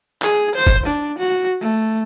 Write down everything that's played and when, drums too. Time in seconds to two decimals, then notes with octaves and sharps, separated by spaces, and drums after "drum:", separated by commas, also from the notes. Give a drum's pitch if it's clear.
0.22 G#4, drum: clap
0.55 C5
0.67 drum: kick
0.86 D4
1.18 F#4
1.61 A3